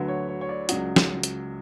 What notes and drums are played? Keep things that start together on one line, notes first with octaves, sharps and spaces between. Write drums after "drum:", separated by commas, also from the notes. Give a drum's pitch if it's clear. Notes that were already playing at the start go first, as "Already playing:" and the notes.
Already playing: D2 D3 F#3 B4
C#5
C#5
C#5
D5
C#2 C#3 F#3, drum: hi-hat
drum: snare
drum: hi-hat